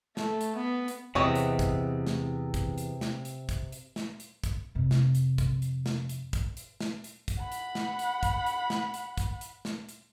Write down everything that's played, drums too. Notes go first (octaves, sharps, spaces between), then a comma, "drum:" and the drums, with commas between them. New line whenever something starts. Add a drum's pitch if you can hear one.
A3, drum: snare
drum: hi-hat
B3
drum: hi-hat
E2 C3 B3 C#5 D#5
drum: hi-hat
drum: kick, hi-hat
drum: snare
drum: kick, hi-hat
drum: hi-hat
drum: snare
drum: hi-hat
drum: kick, hi-hat
drum: hi-hat
drum: snare
drum: hi-hat
drum: kick, hi-hat
F2 C3
drum: snare
drum: hi-hat
drum: kick, hi-hat
drum: hi-hat
drum: snare
drum: hi-hat
drum: kick, hi-hat
drum: hi-hat
drum: snare
drum: hi-hat
drum: kick, hi-hat
F#5 B5
drum: hi-hat
drum: snare
drum: hi-hat
drum: kick, hi-hat
drum: hi-hat
drum: snare
drum: hi-hat
drum: kick, hi-hat
drum: hi-hat
drum: snare
drum: hi-hat